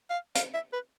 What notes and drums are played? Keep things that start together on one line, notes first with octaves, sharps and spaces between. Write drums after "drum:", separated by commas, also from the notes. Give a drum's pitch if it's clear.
F5
F5, drum: hi-hat
E5
B4